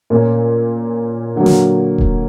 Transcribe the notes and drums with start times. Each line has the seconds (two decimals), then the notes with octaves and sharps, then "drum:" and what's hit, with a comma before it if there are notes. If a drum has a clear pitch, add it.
0.10 A#2 A#3 C#4
1.36 D3 F#3 A#3
1.46 drum: snare
1.98 drum: kick D#1